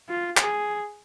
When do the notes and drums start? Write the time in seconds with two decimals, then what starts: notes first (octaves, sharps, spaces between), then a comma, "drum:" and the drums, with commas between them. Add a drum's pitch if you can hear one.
0.09 F4
0.37 G#4, drum: clap